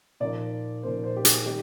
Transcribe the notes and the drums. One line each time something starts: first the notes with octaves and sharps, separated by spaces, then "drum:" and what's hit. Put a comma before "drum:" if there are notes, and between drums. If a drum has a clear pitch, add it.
A#2 F3 A#3 D#4 D5
A#2 F3 A#3 D#4 C5
C5
G4
G#4, drum: hi-hat
D#3 G3 A#3 D#4 G4